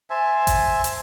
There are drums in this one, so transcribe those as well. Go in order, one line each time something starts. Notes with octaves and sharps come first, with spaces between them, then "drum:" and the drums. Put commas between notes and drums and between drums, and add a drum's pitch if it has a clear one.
C5 E5 G#5 A5
drum: kick G#1, hi-hat
drum: hi-hat